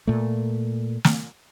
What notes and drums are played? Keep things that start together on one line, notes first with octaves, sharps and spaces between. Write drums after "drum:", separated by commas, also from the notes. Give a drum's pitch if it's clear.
A#2 A3
drum: snare